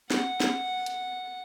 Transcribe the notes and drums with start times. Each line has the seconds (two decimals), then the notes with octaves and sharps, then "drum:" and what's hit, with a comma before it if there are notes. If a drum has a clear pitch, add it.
0.11 F#5, drum: snare
0.40 drum: snare
0.86 drum: hi-hat